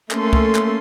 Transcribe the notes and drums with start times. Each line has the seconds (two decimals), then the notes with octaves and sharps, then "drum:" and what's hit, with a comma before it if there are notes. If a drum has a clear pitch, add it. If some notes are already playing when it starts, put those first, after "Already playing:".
0.11 A3 A#3 C#4 A4 C6, drum: clap
0.33 drum: kick
0.55 drum: clap